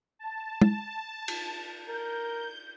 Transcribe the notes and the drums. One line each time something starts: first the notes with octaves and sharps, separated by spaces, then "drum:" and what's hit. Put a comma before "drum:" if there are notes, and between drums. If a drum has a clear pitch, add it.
A5
drum: tom
drum: cymbal
A#4 G6